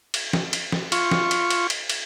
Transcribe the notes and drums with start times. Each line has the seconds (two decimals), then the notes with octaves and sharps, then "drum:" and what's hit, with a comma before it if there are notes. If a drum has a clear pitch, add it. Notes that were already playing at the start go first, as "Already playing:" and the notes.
0.14 drum: cymbal
0.33 drum: snare
0.53 drum: cymbal
0.72 drum: snare
0.92 F4 C#6, drum: cymbal
1.11 drum: snare
1.31 drum: cymbal
1.50 drum: cymbal
1.70 drum: cymbal
1.90 drum: cymbal